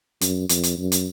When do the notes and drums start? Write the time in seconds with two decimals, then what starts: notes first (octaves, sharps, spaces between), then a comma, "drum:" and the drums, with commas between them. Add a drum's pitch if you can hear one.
0.21 F#2, drum: hi-hat
0.49 F2, drum: hi-hat
0.63 drum: hi-hat
0.78 F#2
0.92 drum: hi-hat